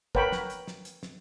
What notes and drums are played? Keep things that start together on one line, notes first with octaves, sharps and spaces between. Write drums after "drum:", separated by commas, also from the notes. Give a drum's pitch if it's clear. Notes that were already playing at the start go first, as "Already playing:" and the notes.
A#4 B4 C#5 F#5 G5 B5, drum: kick
drum: snare
drum: hi-hat
drum: snare
drum: hi-hat
drum: snare